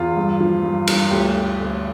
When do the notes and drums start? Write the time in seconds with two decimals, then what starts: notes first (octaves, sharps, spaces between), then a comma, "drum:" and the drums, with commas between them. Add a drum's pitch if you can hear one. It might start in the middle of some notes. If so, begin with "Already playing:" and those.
Already playing: E2 F4
0.16 G2
0.41 F3
0.63 G2
0.87 G2, drum: cymbal
1.11 D2 G4
1.36 D3
1.59 D2